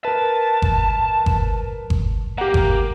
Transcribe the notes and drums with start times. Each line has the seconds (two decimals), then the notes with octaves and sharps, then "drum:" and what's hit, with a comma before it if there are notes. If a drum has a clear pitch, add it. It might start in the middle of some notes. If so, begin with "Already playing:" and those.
0.05 A#4 B4 A5
0.62 drum: kick G1
1.26 drum: kick G1
1.90 drum: kick G1
2.38 A#3 G4 F#5
2.54 drum: kick G1